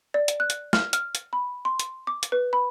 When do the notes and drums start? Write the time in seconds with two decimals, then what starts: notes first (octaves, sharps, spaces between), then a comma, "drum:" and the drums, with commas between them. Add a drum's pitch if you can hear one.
0.14 D5
0.28 drum: hi-hat
0.40 F#6
0.50 drum: hi-hat
0.73 F6, drum: snare
0.93 F6, drum: hi-hat
1.15 drum: hi-hat
1.33 B5
1.65 C6
1.80 drum: hi-hat
2.07 D6
2.23 drum: hi-hat
2.32 B4
2.53 B5